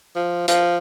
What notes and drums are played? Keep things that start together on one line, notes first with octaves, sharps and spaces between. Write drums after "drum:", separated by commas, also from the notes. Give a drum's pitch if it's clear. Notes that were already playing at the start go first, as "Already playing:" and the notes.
F3
F3, drum: hi-hat